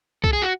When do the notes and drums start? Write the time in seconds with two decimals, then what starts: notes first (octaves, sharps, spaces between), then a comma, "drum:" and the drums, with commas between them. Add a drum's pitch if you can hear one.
0.24 A4, drum: kick
0.33 G#4
0.42 F#4